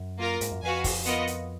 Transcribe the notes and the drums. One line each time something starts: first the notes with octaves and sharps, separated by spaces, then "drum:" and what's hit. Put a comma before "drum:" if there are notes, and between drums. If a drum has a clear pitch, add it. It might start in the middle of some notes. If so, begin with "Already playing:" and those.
Already playing: F#2
A#3 F4 A#4
G#2, drum: hi-hat
F#2
F2 F#4 B4 F5 G#5
drum: kick, open hi-hat
B3 F4 A#4 D#5 F#5, drum: hi-hat
drum: hi-hat